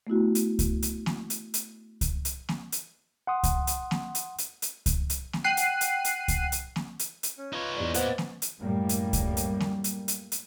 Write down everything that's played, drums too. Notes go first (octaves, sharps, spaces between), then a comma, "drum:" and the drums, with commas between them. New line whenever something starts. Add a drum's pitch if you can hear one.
A3 B3 E4 F#4
drum: hi-hat
drum: kick C#2, hi-hat
drum: hi-hat
drum: snare A#3
drum: hi-hat
drum: hi-hat
drum: kick C#2, hi-hat
drum: hi-hat
drum: snare A#3
drum: hi-hat
F#5 C6 D#6
drum: kick C#2, hi-hat
drum: hi-hat
drum: snare A#3
drum: hi-hat
drum: hi-hat
drum: hi-hat
drum: kick C#2, hi-hat
drum: hi-hat
drum: snare A#3
F#5 G5 F#6 C7 D#7
drum: hi-hat
drum: hi-hat
drum: hi-hat
drum: kick C#2, hi-hat
drum: hi-hat
drum: snare A#3
drum: hi-hat
drum: hi-hat
C#4
D#4 F4 B4 C#5
E2 D5
E2 A#2 B3 C5 D#5 F5 F#5, drum: hi-hat
drum: snare A#3
drum: hi-hat
F#2 A2 G3 A#3
drum: hi-hat
drum: kick C#2, hi-hat
drum: hi-hat
drum: snare A#3
drum: hi-hat
drum: hi-hat
drum: hi-hat